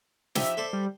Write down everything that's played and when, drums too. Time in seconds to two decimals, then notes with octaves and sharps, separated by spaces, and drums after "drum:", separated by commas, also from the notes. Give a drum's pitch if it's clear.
0.35 F3 D#4 G4 E5, drum: snare
0.57 A4 C5 D5
0.73 G3